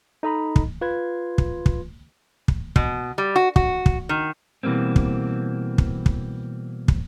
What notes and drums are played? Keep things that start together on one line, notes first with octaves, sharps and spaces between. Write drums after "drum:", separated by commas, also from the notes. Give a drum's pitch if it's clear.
D#4 A4 D#5 A#5 B5
drum: kick
F4 B4 C6 G#6
drum: kick
drum: kick
drum: kick
B2, drum: kick
G3
F#4
F#4, drum: kick
drum: kick
D#3
B2 E3 G3 A#3 C4
drum: kick
drum: kick
drum: kick
drum: kick